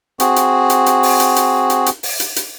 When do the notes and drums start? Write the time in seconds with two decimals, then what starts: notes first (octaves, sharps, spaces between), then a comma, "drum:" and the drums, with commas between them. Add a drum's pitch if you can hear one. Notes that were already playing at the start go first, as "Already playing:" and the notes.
0.20 C4 F#4 G#4, drum: hi-hat
0.36 drum: hi-hat
0.70 drum: hi-hat
0.86 drum: hi-hat
1.03 drum: open hi-hat
1.20 drum: hi-hat
1.36 drum: hi-hat
1.70 drum: hi-hat
1.86 drum: hi-hat
2.03 drum: open hi-hat
2.20 drum: hi-hat
2.36 drum: hi-hat